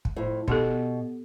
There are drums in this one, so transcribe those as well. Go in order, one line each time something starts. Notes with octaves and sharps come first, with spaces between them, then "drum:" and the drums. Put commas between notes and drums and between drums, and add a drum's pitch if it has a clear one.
drum: kick
F2 A2
B2 D#4 G4 A4, drum: kick